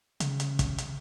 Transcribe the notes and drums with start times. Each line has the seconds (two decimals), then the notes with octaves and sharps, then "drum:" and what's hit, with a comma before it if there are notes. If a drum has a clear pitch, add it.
0.20 C#3, drum: hi-hat
0.40 drum: hi-hat
0.59 drum: kick, hi-hat
0.78 drum: hi-hat